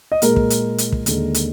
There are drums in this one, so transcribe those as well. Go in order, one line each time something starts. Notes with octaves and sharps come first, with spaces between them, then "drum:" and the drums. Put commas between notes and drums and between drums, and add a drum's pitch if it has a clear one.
D#5
A#2 G#3 A#4, drum: hi-hat
drum: kick
drum: hi-hat
drum: hi-hat
drum: kick
D#2 D3 G#3, drum: hi-hat
drum: hi-hat